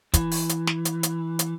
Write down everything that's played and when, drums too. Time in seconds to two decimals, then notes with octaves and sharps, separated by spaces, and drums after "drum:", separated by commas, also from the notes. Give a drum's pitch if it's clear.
0.14 E3, drum: kick, hi-hat
0.31 drum: open hi-hat
0.49 drum: hi-hat
0.67 drum: snare
0.85 drum: hi-hat
1.03 drum: hi-hat
1.39 drum: hi-hat